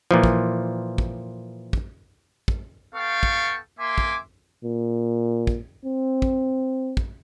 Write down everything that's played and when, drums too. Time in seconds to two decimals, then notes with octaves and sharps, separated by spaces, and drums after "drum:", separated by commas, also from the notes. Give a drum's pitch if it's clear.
0.11 A#2 E3 F3
0.24 drum: kick
0.98 drum: kick
1.73 drum: kick
2.48 drum: kick
2.95 B3 A4 F5 G5 C#6
3.23 drum: kick
3.79 A#3 E5 G#5 C6 D6
3.98 drum: kick
4.64 A#2
5.47 drum: kick
5.85 C4
6.22 drum: kick
6.97 drum: kick